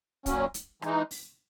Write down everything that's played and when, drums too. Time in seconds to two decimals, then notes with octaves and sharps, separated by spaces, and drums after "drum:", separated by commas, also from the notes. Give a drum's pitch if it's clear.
0.26 A#2 F#3 C#4, drum: kick, hi-hat
0.54 drum: hi-hat
0.82 E3 G#3 D#4, drum: rim click
1.11 drum: open hi-hat